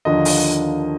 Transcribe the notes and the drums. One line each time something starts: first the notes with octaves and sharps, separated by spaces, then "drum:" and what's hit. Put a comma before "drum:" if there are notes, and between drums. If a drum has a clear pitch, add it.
D#2 D3 F3 D#5
drum: open hi-hat